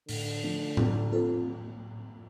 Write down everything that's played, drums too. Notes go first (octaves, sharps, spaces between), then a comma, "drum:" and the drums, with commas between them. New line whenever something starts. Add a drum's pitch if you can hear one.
A2 D3, drum: open hi-hat
F3 A3 D4
F3, drum: tom A2
C4 F4 A4 C5